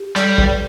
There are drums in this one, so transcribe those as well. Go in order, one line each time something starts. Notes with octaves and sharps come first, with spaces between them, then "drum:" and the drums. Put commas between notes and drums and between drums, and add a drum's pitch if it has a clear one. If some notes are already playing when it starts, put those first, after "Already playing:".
Already playing: G4
G3 A4, drum: hi-hat
B4, drum: kick